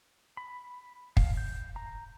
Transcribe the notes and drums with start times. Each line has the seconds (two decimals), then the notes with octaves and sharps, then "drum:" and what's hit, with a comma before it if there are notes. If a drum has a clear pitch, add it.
0.37 B5
1.17 F5, drum: kick
1.37 G6
1.76 A#5